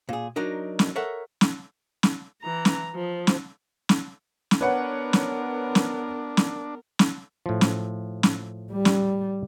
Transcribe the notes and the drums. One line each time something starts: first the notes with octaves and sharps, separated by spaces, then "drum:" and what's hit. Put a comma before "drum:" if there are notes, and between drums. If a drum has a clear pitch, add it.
A#2 G#4
F#3 D4 D#4 A#4 D#5
drum: snare
A4 A#4 C#5 E5 F#5
drum: snare
drum: snare
E3 A#5
drum: snare
F3
drum: snare
drum: snare
drum: snare
B3 D4 A#4 B4 C#5 F#5
drum: snare
drum: snare
drum: snare
drum: snare
A2 F3
drum: snare
drum: snare
G3
drum: snare